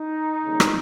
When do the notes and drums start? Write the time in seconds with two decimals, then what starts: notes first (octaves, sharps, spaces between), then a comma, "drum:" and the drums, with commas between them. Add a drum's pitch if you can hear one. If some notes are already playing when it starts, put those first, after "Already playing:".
Already playing: D#4
0.43 D#2 C#3 G3
0.60 drum: rim click